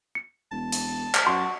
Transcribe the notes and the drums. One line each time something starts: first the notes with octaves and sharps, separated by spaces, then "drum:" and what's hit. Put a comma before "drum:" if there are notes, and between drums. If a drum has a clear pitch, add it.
C#7
E1 A5
drum: hi-hat
drum: clap
F#2 F#4 C6